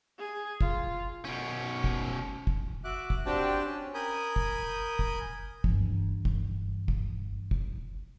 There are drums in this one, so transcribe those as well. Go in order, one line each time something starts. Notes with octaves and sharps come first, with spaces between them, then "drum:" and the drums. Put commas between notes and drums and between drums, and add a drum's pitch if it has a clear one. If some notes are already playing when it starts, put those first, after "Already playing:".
G#4
F4, drum: kick
B2 C#4
drum: kick
drum: kick
F#4 E5 D6 F#6
drum: kick
C4 D4 F#4 G4 G5 A5
C#4
A#4 G#5 B5 D#6 G6
drum: kick
drum: kick
G2 E3, drum: kick
drum: kick
drum: kick
drum: kick